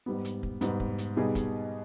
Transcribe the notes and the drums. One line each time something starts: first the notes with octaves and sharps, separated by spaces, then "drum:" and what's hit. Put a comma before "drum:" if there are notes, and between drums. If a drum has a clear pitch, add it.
G#2 G3 B3
drum: hi-hat
drum: kick
G#2 G3 B3, drum: hi-hat
drum: kick
drum: hi-hat
B2 G3 B3 D#4 G#4
drum: kick, hi-hat